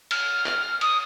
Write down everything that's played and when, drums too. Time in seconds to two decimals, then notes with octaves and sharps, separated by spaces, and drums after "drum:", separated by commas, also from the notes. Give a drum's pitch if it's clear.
0.11 F6, drum: cymbal
0.46 drum: clap
0.81 D#6, drum: cymbal